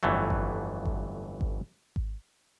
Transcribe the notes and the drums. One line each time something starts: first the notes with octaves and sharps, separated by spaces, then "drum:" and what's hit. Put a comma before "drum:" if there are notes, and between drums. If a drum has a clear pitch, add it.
G1 F2 E3 F#3 A3
drum: kick G#1
drum: kick G#1
drum: kick G#1
drum: kick G#1